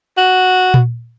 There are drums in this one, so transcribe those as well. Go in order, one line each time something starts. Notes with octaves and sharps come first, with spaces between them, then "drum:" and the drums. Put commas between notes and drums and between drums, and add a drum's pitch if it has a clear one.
F#4
drum: tom A#2